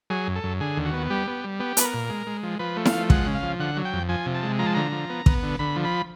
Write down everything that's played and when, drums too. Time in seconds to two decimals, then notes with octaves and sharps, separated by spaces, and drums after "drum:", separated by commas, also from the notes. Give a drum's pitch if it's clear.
0.10 F#3 G#4
0.27 F#2
0.36 A4
0.43 F#2
0.60 D3 G#4
0.77 D#2
0.85 F#4
0.93 B3
1.10 G3 G4
1.27 B3
1.44 G3
1.60 B3 G4
1.77 B3 B4, drum: hi-hat
1.85 A#4
1.94 A#2
2.10 G#3
2.27 G#3
2.43 F3
2.59 F3 B4
2.76 A3
2.85 F5, drum: snare E4
2.93 F3
3.10 G#3 F#5, drum: kick
3.27 C#3
3.35 F5
3.43 F3
3.60 D3 F#5
3.77 F#3
3.85 G5
3.93 F2
4.09 F3 G#5
4.26 C3
4.34 A5
4.43 G#3
4.59 F3 A#5
4.66 A5
4.74 D3 A#5
4.92 F3
5.10 B3
5.26 B3, drum: kick
5.43 D3
5.59 D3 B5
5.76 F3
5.85 B5